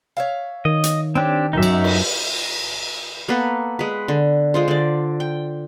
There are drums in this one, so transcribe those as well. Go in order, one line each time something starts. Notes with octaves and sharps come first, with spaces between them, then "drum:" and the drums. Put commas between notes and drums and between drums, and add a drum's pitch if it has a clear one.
C#5 E5 F5
D#3 D#5
drum: hi-hat
C4 D4 G4 C#5 G5
F#2 D#4 E5
drum: cymbal
drum: cymbal
A#3 B3 A4 B4
G#3 B4
D3
G#3 F4 C5
D3 D5
G5